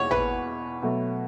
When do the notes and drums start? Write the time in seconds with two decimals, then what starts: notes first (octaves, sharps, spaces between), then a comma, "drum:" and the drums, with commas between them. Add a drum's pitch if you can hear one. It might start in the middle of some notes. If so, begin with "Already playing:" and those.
Already playing: E2 B2 G#3 C#5
0.11 B4, drum: tom
0.82 B2 F#3 A3